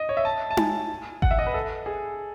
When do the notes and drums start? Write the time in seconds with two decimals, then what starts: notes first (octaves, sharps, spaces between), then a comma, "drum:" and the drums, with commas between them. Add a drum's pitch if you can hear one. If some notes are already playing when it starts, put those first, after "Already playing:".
Already playing: D#5
0.09 C#5
0.17 E5
0.25 A5
0.51 A5
0.57 G#5, drum: tom D#4
1.22 F#5, drum: kick G#1
1.31 E5
1.39 D#5
1.47 B4
1.54 A4
1.86 G#4